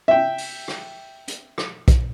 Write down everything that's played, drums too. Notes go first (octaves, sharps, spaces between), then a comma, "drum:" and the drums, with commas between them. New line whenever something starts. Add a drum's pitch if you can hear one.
E5 G5
drum: open hi-hat
drum: rim click
drum: hi-hat
drum: rim click
drum: kick, hi-hat